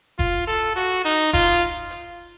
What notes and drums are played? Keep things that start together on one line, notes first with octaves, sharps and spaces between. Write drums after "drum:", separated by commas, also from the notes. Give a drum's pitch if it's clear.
F4, drum: kick F1
A4
F#4, drum: hi-hat
D#4
F4, drum: kick F1, open hi-hat
drum: hi-hat